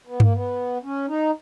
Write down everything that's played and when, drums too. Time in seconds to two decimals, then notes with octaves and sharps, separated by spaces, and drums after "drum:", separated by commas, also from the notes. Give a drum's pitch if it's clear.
0.07 B3
0.20 A#3, drum: tom G2
0.34 B3
0.83 C#4
1.08 D#4